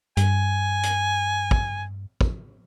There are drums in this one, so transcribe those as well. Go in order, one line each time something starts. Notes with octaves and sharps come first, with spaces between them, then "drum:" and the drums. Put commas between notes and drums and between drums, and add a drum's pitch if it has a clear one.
G2 G#5, drum: hi-hat
drum: hi-hat
drum: kick
drum: kick